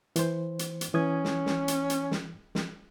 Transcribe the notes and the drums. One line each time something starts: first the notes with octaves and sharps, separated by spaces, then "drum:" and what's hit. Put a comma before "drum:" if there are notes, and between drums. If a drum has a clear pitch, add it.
E3 C5, drum: hi-hat
drum: hi-hat
drum: hi-hat
E3 C#4 D#6 G#6
drum: snare
drum: snare
drum: hi-hat
drum: hi-hat
drum: snare
drum: snare